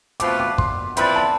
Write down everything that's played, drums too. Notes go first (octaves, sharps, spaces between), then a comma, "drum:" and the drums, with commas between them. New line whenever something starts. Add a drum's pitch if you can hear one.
B2 A3 C4 F4 B4 D6, drum: hi-hat
D6
C6, drum: kick
F3 C4 E4 B4 D5 B5, drum: hi-hat
A5